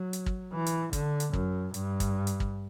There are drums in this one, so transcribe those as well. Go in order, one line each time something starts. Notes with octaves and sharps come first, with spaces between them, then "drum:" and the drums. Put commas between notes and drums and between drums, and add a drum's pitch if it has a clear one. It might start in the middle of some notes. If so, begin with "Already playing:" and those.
Already playing: F#3
drum: hi-hat
drum: kick
E3
drum: hi-hat
D3, drum: kick, hi-hat
drum: hi-hat
F#2, drum: kick
G2, drum: hi-hat
drum: kick, hi-hat
drum: hi-hat
drum: kick